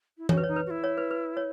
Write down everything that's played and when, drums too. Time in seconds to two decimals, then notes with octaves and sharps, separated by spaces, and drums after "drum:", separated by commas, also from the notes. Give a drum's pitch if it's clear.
0.18 E4
0.29 F#4 C#5, drum: tom E3
0.37 B4
0.44 D#4 C#5
0.56 B4
0.66 F#4
0.70 E4
0.84 C#5
0.97 B4
1.11 B4
1.37 C#5